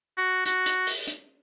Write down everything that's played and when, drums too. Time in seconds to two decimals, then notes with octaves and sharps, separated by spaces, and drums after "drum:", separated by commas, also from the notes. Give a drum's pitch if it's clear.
0.17 F#4
0.45 F#4, drum: hi-hat
0.66 drum: hi-hat
0.87 drum: open hi-hat
1.08 drum: hi-hat